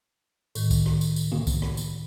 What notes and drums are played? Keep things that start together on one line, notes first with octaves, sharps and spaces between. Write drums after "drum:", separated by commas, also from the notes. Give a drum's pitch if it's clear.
A2 D#3, drum: tambourine
drum: kick C2, tambourine
drum: rim click
drum: tambourine
drum: tambourine
drum: tom C#3
drum: kick C2, tambourine
drum: rim click
drum: tambourine